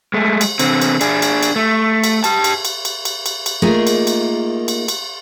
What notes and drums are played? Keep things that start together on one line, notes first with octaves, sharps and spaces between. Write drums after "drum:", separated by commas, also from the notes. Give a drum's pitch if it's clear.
G#3 A3
drum: cymbal
D3 C4, drum: cymbal
drum: cymbal
D4 G#4, drum: cymbal
drum: cymbal
drum: cymbal
A3
drum: cymbal
G4 A5, drum: cymbal
drum: cymbal
drum: cymbal
drum: cymbal
drum: cymbal
drum: cymbal
drum: cymbal
A3 A#3 D#4 F4 G#4 A#4
drum: cymbal
drum: cymbal
drum: cymbal
drum: cymbal